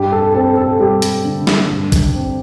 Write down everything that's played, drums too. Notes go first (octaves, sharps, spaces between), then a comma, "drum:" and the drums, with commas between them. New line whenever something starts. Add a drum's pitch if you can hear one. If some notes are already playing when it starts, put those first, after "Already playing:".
Already playing: G2 G4
A4
C4 A4
A4
G3 G4
drum: hi-hat
D3
drum: snare
G2
drum: kick, hi-hat
C4